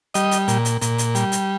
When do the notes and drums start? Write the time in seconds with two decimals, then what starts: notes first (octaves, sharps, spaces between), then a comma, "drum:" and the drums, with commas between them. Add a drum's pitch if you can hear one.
0.14 G3 D#5, drum: hi-hat
0.31 drum: hi-hat
0.48 A#2, drum: hi-hat
0.65 drum: hi-hat
0.81 A#2, drum: hi-hat
0.98 drum: hi-hat
1.15 G3, drum: hi-hat
1.32 drum: hi-hat